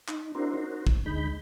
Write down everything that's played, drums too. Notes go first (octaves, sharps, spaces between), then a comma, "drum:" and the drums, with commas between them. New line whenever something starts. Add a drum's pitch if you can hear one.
D#4, drum: clap
C4 D4 E4 F#4 A#4 C5
C#4 D#4 F#4 A#4 C5
drum: kick
D2 G#3 D#4 B5 G6